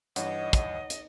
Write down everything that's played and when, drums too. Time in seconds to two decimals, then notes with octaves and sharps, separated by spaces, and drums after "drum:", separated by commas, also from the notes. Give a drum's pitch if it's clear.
0.16 G2 E3 D#4 C#5 D#5 F#5, drum: hi-hat
0.53 drum: kick, hi-hat
0.90 drum: hi-hat